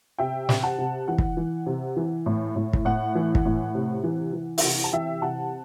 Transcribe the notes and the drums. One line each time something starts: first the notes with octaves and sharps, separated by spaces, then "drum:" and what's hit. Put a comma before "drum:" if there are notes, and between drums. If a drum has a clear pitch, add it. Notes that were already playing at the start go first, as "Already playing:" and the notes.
C3 E5 G5
C3, drum: snare
F#5 A5
C3
E3 F#5
drum: kick
E3
C3
E3
A2
A2
drum: kick
A2 F#5
E3
drum: kick
A2
C3
E3
E3
E5, drum: open hi-hat
C3 F#5
A5
E3 E5 G5
C3 F#5 A5